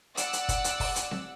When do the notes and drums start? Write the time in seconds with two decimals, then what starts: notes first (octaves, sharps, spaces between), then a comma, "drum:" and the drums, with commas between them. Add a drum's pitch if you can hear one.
0.17 D5 F#5 E6, drum: hi-hat
0.33 drum: hi-hat
0.49 drum: kick, hi-hat
0.64 drum: hi-hat
0.80 drum: kick, open hi-hat
0.96 drum: hi-hat
1.11 drum: snare C4